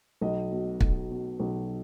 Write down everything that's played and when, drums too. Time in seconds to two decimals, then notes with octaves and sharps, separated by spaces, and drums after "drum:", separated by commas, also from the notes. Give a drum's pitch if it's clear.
0.21 B1 D#5
0.52 B2
0.81 B1, drum: kick
1.11 B2
1.40 B1